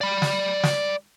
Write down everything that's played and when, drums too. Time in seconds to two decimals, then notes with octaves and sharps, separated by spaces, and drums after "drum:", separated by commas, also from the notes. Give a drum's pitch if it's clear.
0.01 D5 B5
0.22 drum: snare
0.63 drum: snare